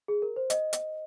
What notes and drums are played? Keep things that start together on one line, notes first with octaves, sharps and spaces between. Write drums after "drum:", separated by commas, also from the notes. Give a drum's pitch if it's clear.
G#4
A#4
C5
D#5, drum: hi-hat
drum: hi-hat